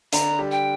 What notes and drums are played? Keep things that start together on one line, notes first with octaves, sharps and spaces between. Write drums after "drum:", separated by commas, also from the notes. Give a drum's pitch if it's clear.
D3 D4 A#5, drum: hi-hat
G3 G4
G5